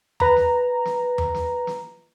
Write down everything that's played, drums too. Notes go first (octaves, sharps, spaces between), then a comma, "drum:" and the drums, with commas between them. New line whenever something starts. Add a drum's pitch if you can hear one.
B4 A#5, drum: tom E2
drum: snare
drum: snare
drum: tom E2
drum: snare
drum: snare